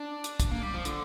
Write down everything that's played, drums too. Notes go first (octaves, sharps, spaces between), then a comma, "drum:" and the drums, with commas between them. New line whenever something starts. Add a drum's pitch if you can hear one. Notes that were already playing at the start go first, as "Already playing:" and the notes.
Already playing: D4
drum: hi-hat
drum: kick, hi-hat
A#3
G3
F3
D3, drum: hi-hat